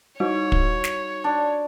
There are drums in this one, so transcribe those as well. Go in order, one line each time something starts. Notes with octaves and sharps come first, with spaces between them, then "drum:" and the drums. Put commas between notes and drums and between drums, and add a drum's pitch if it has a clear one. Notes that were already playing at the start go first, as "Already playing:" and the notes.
G3 D#4 F#4 C#5
drum: kick
drum: snare
D4